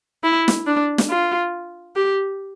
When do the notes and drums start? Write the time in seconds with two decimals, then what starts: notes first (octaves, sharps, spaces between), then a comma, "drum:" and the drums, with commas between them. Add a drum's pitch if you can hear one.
0.24 E4
0.48 drum: snare
0.67 D4
0.98 drum: snare
1.10 F4
1.96 G4